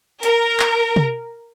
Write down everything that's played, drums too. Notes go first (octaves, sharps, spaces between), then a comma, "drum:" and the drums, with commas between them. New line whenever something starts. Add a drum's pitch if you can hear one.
A#4, drum: hi-hat
drum: clap
drum: tom